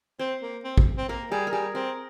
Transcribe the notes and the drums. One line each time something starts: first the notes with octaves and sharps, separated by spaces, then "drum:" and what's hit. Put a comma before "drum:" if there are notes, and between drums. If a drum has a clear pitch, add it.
C4 C5
A#3
C4
drum: kick
C4
A#3 A#4
G3 G#4
A#4
G3 G#4
C4 A#4